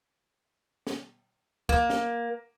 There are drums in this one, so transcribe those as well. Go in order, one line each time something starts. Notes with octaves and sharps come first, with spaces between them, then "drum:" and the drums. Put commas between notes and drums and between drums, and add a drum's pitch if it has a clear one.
drum: snare
A#3, drum: kick
drum: snare